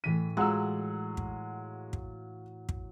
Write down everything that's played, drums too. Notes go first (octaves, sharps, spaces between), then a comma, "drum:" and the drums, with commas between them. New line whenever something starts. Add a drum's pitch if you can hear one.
A2 E3 B6 D#7
F#3 G#3 F4 F#5 E6
drum: kick
drum: kick
drum: kick